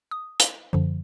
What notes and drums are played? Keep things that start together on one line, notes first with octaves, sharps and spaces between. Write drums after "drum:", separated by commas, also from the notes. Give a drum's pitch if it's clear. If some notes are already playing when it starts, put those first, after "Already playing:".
D#6
drum: hi-hat
F#2 D3 F3